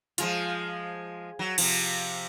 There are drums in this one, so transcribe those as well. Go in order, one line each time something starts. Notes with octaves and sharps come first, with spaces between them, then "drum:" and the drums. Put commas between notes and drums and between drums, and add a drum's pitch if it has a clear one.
F3 G#3 F4, drum: hi-hat
F#3
C3 F3, drum: cymbal